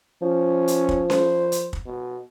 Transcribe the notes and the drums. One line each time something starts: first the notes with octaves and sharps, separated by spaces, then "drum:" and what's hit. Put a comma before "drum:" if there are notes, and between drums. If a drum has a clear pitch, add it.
F3 C#4
drum: hi-hat
drum: kick
C5, drum: snare C#4
drum: hi-hat
drum: kick
B2